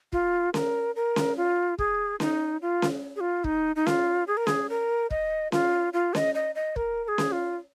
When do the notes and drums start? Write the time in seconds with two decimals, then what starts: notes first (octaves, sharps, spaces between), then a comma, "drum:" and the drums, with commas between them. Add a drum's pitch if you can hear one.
0.12 F4, drum: kick
0.54 A#4, drum: snare C#4
0.96 A#4
1.16 drum: snare C#4
1.37 F4
1.79 G#4, drum: kick
2.20 D#4, drum: snare C#4
2.62 F4
2.82 drum: snare C#4
3.16 G#4
3.20 F4
3.44 D#4, drum: kick
3.76 D#4
3.87 F4, drum: snare C#4
4.27 G#4
4.37 A#4
4.47 G#4, drum: snare C#4
4.69 A#4
5.10 D#5, drum: kick
5.52 F4, drum: snare C#4
5.93 F4
6.15 D#5, drum: snare C#4
6.35 D#5
6.55 D#5
6.76 A#4, drum: kick
7.04 A#4
7.08 G#4
7.18 drum: snare C#4
7.32 F4